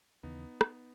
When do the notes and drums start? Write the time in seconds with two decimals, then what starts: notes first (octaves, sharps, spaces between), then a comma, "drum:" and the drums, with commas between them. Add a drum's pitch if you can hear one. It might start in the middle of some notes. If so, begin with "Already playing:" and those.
0.23 D#2 C#3 E3 B3 D#4
0.61 drum: rim click